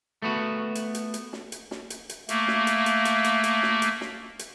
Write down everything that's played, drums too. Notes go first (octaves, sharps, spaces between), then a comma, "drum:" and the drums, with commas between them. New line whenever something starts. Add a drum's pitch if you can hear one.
A3 B3 F#4
drum: hi-hat
drum: hi-hat
drum: hi-hat
drum: snare
drum: hi-hat
drum: snare
drum: hi-hat
drum: hi-hat
A3 A#3, drum: hi-hat
drum: snare
drum: hi-hat
drum: hi-hat
drum: hi-hat
drum: hi-hat
drum: hi-hat
drum: snare
drum: hi-hat
drum: snare
drum: hi-hat